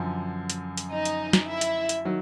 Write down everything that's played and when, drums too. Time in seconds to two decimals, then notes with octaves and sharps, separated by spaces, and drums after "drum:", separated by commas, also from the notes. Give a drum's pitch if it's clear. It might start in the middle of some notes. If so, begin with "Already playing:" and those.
Already playing: F#2 D3 F3
0.50 drum: hi-hat
0.77 drum: hi-hat
0.91 D#4 D#5
1.05 drum: hi-hat
1.33 drum: snare
1.47 E4 E5
1.61 drum: hi-hat
1.89 drum: hi-hat
2.05 D#3 F#3